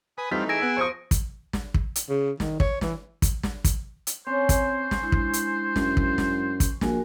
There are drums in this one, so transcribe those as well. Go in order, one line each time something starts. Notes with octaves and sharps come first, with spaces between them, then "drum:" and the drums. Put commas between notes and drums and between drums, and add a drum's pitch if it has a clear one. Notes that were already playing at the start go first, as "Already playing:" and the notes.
B4 G#5 D#6
E3 G3 A3 C4 D#4 F4 B6
G#4 G#5 E6 A#6 D7
B3 F#6
F3 C5 C#6 D#6
drum: kick, hi-hat
drum: snare
drum: kick
drum: hi-hat
C#3
D#3, drum: snare
C#5, drum: kick
E3, drum: snare
drum: kick, hi-hat
drum: snare
drum: kick, hi-hat
drum: hi-hat
C4 C#4 C5
drum: kick, hi-hat
drum: snare
G#3 D4 E4
drum: kick
drum: hi-hat
F#2, drum: snare
drum: kick
drum: snare
drum: kick, hi-hat
A#1 F#4 A#4 G#5, drum: snare